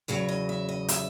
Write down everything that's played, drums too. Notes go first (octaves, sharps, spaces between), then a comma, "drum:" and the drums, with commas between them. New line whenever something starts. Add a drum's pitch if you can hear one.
E2 C#3 F#3 C#5
D#5
E5
D#5
E5, drum: hi-hat